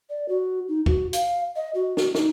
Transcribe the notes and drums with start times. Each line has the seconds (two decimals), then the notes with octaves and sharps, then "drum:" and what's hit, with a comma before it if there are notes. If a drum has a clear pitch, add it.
0.10 D5
0.29 F#4
0.68 D#4
0.86 F#4, drum: kick
1.13 F5, drum: hi-hat
1.56 D#5
1.75 F#4
1.97 F#4, drum: snare
2.15 D#4, drum: snare